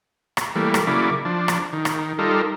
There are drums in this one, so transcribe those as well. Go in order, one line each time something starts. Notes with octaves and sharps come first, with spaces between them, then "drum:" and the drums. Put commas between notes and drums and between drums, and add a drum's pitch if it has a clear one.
drum: rim click
E3 G3 A3 A#3
drum: rim click
C#3 F#3 A#3 E4 D5
F3 D4
drum: rim click
D#3
drum: rim click
G3 D#4 F4 A4 A#4